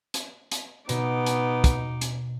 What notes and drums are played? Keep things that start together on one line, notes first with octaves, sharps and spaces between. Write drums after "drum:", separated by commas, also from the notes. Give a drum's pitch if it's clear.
drum: hi-hat
drum: hi-hat
B2 B3 D#4 D6, drum: hi-hat
drum: hi-hat
drum: kick, hi-hat
drum: hi-hat